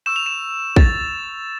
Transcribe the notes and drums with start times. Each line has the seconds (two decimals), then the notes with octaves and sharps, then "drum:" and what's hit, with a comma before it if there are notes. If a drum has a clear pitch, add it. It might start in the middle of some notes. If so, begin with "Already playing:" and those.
0.06 C#6 E6 G6 E7
0.16 F7
0.26 E7
0.76 A6, drum: kick